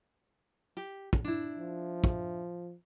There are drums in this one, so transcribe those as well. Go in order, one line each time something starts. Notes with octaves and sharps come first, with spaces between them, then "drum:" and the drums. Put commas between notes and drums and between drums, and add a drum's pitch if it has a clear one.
G4
drum: kick
D4 E4
F3
drum: kick